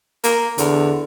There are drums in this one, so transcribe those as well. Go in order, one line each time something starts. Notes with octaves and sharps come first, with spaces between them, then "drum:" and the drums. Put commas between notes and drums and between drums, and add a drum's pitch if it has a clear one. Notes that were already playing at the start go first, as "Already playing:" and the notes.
A#3, drum: hi-hat
E2 D3, drum: hi-hat